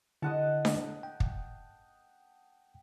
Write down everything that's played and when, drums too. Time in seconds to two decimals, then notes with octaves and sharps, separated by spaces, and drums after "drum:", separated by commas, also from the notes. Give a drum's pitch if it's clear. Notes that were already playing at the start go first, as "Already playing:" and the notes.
0.22 D3 E4 D#5 F#5 A5
0.65 drum: snare D4
1.03 G5
1.20 drum: kick